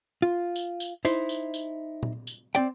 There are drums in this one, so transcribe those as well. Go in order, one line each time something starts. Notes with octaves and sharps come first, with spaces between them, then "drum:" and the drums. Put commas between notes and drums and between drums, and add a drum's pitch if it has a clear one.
F4
drum: tambourine
drum: tambourine
D#4 E4 C5, drum: tambourine
drum: tambourine
drum: tambourine
drum: tom A#2
drum: tambourine
C4 D5 G5